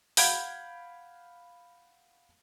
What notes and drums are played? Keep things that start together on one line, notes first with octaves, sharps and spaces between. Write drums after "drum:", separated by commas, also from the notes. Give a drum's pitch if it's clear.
F5 F#5 B5 G6 G#6 D7, drum: open hi-hat